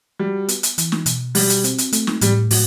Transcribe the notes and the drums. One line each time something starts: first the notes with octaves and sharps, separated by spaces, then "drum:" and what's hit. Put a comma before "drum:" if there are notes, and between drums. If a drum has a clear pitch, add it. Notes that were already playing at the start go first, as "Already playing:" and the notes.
G3 F#4
B3, drum: hi-hat
drum: hi-hat
E3, drum: hi-hat
drum: snare
B2, drum: hi-hat
G3 F#4, drum: open hi-hat
drum: hi-hat
C4, drum: hi-hat
drum: hi-hat
A3, drum: hi-hat
drum: snare
A2 G3, drum: hi-hat
A2 F#3, drum: open hi-hat